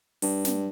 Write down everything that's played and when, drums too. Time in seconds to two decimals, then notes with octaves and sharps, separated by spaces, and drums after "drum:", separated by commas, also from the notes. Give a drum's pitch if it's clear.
0.22 G2, drum: open hi-hat
0.45 drum: snare